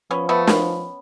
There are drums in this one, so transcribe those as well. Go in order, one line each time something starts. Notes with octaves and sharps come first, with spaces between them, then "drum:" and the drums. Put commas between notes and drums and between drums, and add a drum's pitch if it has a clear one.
F3 B3 C#4
A3 B3
B3 C#4, drum: snare